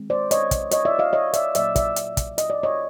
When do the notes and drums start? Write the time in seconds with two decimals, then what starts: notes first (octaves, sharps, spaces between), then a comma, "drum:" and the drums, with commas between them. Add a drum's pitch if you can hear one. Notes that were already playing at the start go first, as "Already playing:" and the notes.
Already playing: D#3 G#3 C4
0.10 C5 D5
0.31 C#5 D#5, drum: hi-hat
0.51 drum: kick, hi-hat
0.71 C#5 D#5, drum: hi-hat
0.85 D5 E5
0.99 D#5 F5
1.13 C#5 D#5
1.34 D5 E5, drum: hi-hat
1.55 A#2 F#3 A#3 D5 E5, drum: hi-hat
1.76 D5 E5, drum: kick, hi-hat
1.96 drum: hi-hat
2.17 drum: kick, hi-hat
2.38 D#5, drum: hi-hat
2.50 D5
2.63 C#5 D#5